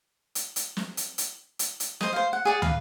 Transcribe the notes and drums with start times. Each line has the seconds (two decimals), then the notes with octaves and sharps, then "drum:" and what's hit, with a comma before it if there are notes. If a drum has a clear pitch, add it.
0.35 drum: hi-hat
0.56 drum: hi-hat
0.77 drum: snare
0.97 drum: hi-hat
1.18 drum: hi-hat
1.59 drum: hi-hat
1.80 drum: hi-hat
2.01 C5 D#5, drum: snare
2.13 C5 F5
2.33 F#5
2.45 G#4 D5 F#5
2.62 B4 F5, drum: tom